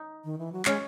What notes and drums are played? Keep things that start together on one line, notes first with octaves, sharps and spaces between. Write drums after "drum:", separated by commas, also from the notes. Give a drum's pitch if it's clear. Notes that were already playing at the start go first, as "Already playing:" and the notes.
Already playing: D#4
D#3
E3
F#3
G#3 C#4, drum: clap